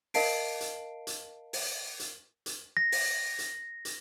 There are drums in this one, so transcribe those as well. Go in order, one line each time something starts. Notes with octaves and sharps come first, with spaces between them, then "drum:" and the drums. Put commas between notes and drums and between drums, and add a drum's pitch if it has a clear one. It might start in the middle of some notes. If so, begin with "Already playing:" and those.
A#4 D#5 F5 A5 C7 D7, drum: open hi-hat
drum: hi-hat
drum: hi-hat
drum: open hi-hat
drum: hi-hat
drum: hi-hat
A#6
drum: open hi-hat
drum: hi-hat
drum: hi-hat